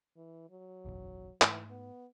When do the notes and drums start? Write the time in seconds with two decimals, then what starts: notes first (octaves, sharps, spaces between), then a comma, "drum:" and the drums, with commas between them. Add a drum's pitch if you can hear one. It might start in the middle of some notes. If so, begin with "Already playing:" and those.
0.17 E3
0.50 F#3
0.85 F#1 B1 E2
1.42 G#2 E3 A3, drum: clap
1.70 B3